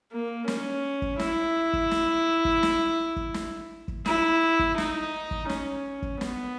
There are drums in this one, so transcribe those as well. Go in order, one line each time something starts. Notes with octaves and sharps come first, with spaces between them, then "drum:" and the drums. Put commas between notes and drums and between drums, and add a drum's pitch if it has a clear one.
A#3
C#4, drum: snare
drum: kick
E4, drum: snare
drum: kick
drum: snare
drum: kick
drum: snare
drum: kick
drum: snare
drum: kick
E4, drum: snare
drum: kick
D#4, drum: snare
drum: kick
C#4, drum: snare
drum: kick
B3, drum: snare